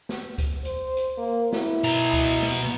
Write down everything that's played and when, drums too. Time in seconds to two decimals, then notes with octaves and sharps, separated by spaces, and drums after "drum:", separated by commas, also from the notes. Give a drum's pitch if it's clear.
0.09 drum: snare
0.38 drum: kick C#2, hi-hat
0.65 C5, drum: hi-hat
0.97 drum: hi-hat
1.18 A#3
1.52 E4, drum: snare
1.84 B2 A#5
2.13 drum: kick C#2, hi-hat
2.43 drum: snare